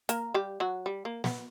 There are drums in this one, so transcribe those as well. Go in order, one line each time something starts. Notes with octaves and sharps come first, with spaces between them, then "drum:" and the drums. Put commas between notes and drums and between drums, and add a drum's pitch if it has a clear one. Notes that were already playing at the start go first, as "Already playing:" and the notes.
A#3 A#4, drum: hi-hat
G3 G4
F#3 F#4
G3
A#3
B3, drum: snare